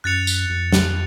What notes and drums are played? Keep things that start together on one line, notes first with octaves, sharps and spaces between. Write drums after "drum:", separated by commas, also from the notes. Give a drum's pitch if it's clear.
F#2 F#6 A6 C#7 F7
drum: tambourine
F2
drum: snare